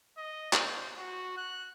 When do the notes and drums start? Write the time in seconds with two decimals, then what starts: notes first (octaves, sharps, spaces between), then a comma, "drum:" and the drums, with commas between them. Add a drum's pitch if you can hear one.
0.18 D#5
0.53 C5, drum: clap
0.98 F#4
1.37 F#6